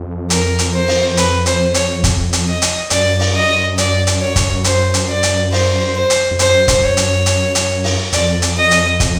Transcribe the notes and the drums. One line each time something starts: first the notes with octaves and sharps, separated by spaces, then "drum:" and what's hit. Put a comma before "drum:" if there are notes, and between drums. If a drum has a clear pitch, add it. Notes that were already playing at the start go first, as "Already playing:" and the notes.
Already playing: F2
A#4, drum: hi-hat
drum: hi-hat
C5
drum: open hi-hat
B4, drum: hi-hat
C5, drum: hi-hat
C#5, drum: hi-hat
drum: kick, hi-hat
drum: hi-hat
D#5
drum: hi-hat
F#2 D5, drum: hi-hat
drum: open hi-hat
D#5
D5, drum: hi-hat
drum: hi-hat
C#5
drum: kick, hi-hat
C5, drum: hi-hat
drum: hi-hat
D5
drum: hi-hat
C5, drum: open hi-hat
C5
drum: hi-hat
F2
F#2 C5, drum: hi-hat
drum: kick, hi-hat
C#5
drum: hi-hat
drum: hi-hat
drum: hi-hat
drum: open hi-hat
F2 D5, drum: hi-hat
drum: hi-hat
D#5
drum: hi-hat
drum: kick, hi-hat